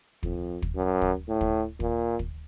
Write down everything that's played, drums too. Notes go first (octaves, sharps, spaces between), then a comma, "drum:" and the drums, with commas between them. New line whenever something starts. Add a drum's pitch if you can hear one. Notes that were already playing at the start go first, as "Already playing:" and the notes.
F2, drum: kick
drum: kick
F#2
drum: kick
A2
drum: kick
A#2, drum: kick
drum: kick